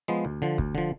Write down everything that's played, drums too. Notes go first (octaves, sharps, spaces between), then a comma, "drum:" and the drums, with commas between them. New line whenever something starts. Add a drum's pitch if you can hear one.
F3 G#3 B3
D2
D3 F3
D2, drum: kick
D3 F3